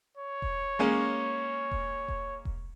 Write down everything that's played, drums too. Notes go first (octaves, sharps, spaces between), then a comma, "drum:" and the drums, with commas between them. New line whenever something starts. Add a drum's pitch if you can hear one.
C#5
drum: kick E1
G#3 A#3 C#4
drum: kick E1
drum: kick E1
drum: kick E1